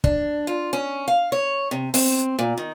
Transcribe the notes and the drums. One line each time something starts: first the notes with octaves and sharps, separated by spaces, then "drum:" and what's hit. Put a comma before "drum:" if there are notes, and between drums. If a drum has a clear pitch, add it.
D4, drum: kick
F4
C#4
F5
C#5
C3
C4, drum: open hi-hat
A#2
D#3